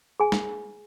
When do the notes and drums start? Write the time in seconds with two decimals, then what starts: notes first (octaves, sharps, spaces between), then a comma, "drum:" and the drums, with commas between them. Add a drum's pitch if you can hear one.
0.20 G#4 G#5
0.32 drum: snare